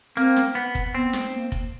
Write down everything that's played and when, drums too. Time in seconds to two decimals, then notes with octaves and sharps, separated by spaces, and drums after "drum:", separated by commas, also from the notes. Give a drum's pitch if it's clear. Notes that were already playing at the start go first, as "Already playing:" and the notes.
0.17 A#3 C4
0.36 drum: snare
0.55 B3
0.75 drum: kick F1
0.94 B3 C4
1.13 drum: snare
1.32 A#3
1.52 drum: kick F1